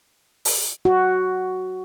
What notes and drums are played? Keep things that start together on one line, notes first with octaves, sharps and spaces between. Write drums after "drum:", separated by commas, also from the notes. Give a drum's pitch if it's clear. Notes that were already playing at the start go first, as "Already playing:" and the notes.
drum: open hi-hat
F#4